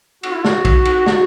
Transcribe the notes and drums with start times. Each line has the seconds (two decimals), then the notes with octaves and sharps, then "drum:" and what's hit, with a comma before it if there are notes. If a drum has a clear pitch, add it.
0.23 F#4, drum: cymbal
0.34 E4
0.45 F#4, drum: snare
0.65 drum: kick, cymbal
0.85 drum: cymbal
1.07 F#4, drum: snare